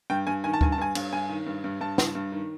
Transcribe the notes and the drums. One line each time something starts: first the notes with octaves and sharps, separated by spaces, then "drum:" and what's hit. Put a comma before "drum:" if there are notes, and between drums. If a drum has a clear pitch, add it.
G2 G5
G2 G#5
D#3 G#5
A5
G2 G#5, drum: kick D2
A5
G2 G#5
G2, drum: cymbal
G2 G#5
D#3
G2
G2
G2 A5
G2, drum: snare
G2
D#3